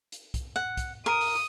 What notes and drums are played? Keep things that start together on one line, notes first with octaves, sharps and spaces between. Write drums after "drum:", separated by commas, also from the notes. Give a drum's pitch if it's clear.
drum: hi-hat
drum: kick, hi-hat
F#5
drum: kick, hi-hat
A#4 D#6
drum: open hi-hat